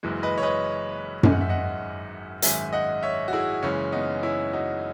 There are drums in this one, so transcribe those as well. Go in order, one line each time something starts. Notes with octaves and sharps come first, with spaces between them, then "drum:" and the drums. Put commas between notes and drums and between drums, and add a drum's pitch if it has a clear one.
F#1 F#2 E3 G#3
B4 D#5
C#5
B4 D#5
G#1 F#2 D#3 G#3 G#5, drum: tom F#2
F#5
E5
D#5 F#5
G#1 F#2 D#3 G#3 E5 G#5, drum: hi-hat
D#5 F#5
C#5 E5
F#4
E4 G#4
F#1 F#2 C#3 E3 G#3 C#4
B3 D#4
C#4 E4
D#4 F#4